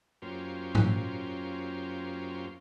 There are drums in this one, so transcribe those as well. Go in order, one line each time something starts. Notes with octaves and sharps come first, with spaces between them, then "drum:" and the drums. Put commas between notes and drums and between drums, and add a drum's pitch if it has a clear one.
F#2 A#3 C#4 F4 G4 C5
drum: tom G#2